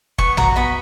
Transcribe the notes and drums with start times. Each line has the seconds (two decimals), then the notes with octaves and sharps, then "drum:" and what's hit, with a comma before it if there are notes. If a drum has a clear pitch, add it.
0.18 B3 C#6, drum: kick
0.37 F#4 A#5, drum: tom
0.56 B3 B5